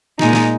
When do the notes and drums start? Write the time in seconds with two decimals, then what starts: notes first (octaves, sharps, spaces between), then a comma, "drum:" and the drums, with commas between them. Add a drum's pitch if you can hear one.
0.19 A#2 G#3 D#4, drum: snare
0.33 drum: snare